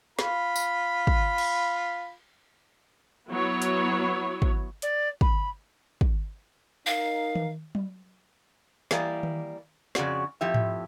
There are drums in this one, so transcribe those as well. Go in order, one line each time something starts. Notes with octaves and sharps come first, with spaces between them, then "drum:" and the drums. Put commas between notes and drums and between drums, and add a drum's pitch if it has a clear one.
F4 B5, drum: snare
drum: tambourine
drum: kick
drum: cymbal
F#3 B3 E4 C#5
drum: hi-hat
drum: kick
D5, drum: hi-hat
B5, drum: kick
drum: kick
D#4 A#4 F5
drum: tom D#3
drum: tom F#3
E3 G3 A#3 D5 D#5, drum: snare
drum: tom D#3
F2 C#3 C#4 F#4 D5, drum: snare
F2 A2 F3 G4 E5
drum: tom G#2